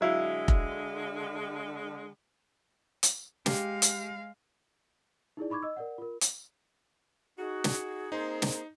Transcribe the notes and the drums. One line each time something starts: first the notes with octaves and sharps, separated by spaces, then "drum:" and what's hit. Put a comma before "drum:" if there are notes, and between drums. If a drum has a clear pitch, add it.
D3 F#3 G#3 E4 F5
drum: kick F1
drum: hi-hat
G#3 G4 F5, drum: snare
drum: hi-hat
D#4 E4 G#4 D5
D#4 B5 C#6 D6 G#6
D#5 E6
A#4 D5 F#5
F4 A#4
drum: hi-hat
D#4 F#4 G#4
drum: snare
A#3 C4 D#4 C5
drum: snare